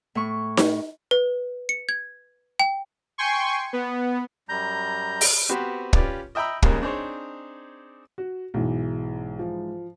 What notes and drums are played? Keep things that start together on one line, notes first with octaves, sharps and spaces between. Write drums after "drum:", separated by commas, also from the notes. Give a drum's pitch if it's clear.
A2 C#6
drum: snare D#4
B4
C#7
G#6
G5
G5 G#5 C6 C#6
B3
F#2 G3 A#5 G6
drum: open hi-hat
B3 C4 F#4 G4 B4 C5
C#4 F4 G4 B4 D5, drum: kick
D#5 E5 G5 A#5 B5 E6
D#2 C#3 G3 G#3 A#3, drum: kick
C4 D4 D#4 G#4 C5 C#5
F#4
B1 G#2 E3 G#3
F3